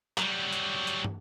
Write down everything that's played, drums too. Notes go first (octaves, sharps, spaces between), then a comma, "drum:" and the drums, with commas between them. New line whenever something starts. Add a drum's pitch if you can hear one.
F#3 G3, drum: clap
drum: hi-hat
drum: hi-hat
drum: tom